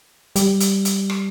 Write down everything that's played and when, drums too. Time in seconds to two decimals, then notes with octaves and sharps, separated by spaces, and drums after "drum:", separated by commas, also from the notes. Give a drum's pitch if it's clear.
0.36 G3, drum: hi-hat
0.60 drum: hi-hat
0.85 drum: hi-hat
1.10 drum: rim click